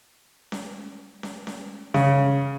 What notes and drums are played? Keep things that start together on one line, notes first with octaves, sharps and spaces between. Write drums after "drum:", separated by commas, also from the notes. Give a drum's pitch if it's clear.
drum: snare C#4
drum: snare C#4
drum: snare C#4
C#3, drum: snare C#4